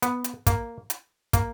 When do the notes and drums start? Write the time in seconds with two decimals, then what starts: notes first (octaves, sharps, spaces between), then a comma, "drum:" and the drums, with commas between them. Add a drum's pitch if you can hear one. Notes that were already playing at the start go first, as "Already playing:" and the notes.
0.02 B3, drum: hi-hat
0.24 drum: hi-hat
0.47 A#3, drum: kick, hi-hat
0.90 drum: hi-hat
1.33 A#3, drum: kick, hi-hat